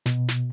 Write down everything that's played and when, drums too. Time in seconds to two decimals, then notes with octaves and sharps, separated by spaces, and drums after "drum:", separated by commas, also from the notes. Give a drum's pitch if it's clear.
0.06 B2, drum: snare
0.28 drum: snare